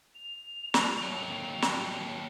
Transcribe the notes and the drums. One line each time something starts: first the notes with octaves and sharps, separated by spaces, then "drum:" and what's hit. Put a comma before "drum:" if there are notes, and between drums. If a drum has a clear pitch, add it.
F7
drum: snare
D#2 F#3
drum: snare